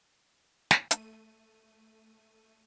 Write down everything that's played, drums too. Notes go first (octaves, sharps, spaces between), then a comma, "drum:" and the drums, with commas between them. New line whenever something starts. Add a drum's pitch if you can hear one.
drum: snare
A3 D#7, drum: hi-hat